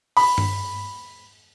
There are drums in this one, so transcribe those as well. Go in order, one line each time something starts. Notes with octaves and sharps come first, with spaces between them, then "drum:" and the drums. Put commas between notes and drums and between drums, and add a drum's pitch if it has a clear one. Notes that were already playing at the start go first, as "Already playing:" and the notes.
B5, drum: open hi-hat
drum: tom G2